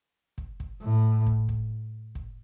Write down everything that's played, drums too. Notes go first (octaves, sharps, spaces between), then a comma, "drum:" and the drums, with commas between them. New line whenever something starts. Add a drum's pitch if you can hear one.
drum: kick
drum: kick
A2
drum: kick
drum: kick
drum: kick